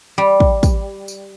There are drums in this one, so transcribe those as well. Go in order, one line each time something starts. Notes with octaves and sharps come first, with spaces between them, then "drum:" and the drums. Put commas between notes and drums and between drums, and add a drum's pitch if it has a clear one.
G3
drum: kick
drum: kick, tambourine
drum: tambourine